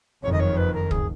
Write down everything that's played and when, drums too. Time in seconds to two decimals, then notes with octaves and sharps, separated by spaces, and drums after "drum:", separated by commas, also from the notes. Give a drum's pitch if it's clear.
0.22 F#1 F2 D#3 C#5
0.32 D#5
0.39 C#5
0.57 B4
0.74 A#4
0.91 G#4, drum: kick